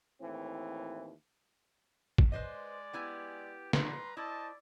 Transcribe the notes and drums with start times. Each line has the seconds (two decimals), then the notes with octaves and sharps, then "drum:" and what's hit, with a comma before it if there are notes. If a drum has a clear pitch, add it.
0.21 D#2 A2 E3 C4
2.18 drum: kick
2.32 G#3 B4 C5 D5 D#5
2.93 B3 E4 G4 G#5
3.73 G3 B4 A#5 C6, drum: snare
4.17 E4 C5 D5 D#5 A5